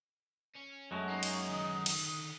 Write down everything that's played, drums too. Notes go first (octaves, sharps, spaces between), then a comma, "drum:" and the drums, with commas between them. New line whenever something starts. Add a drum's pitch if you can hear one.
C#4
F#2 F#3 G#3 A3 C#6
A#3 D#4
drum: cymbal
D3 D#3 D#6
drum: cymbal